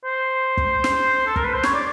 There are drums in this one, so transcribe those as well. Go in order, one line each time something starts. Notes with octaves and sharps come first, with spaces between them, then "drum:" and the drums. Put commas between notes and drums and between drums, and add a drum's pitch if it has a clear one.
C5
drum: kick
drum: snare
A4
A#4, drum: kick
B4
C5
C#5, drum: snare
D5